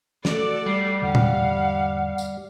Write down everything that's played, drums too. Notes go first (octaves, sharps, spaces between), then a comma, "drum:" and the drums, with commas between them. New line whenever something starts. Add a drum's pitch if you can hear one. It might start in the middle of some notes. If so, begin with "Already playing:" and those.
A3 F#4 A4 D5, drum: snare
G3 C7
E2 G#2 D3 F5 F#5
drum: tom A#2
drum: tambourine